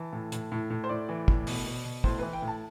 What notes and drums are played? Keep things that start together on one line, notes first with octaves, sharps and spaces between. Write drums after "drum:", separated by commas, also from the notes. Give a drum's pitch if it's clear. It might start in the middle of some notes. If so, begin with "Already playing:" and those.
Already playing: E3 A5
A2
A2, drum: hi-hat
A2
A2
C5
A2 D5
E3
A2, drum: kick
B2, drum: open hi-hat
B2
B2
A2 C5, drum: kick
E3 B4
G5
A2
A5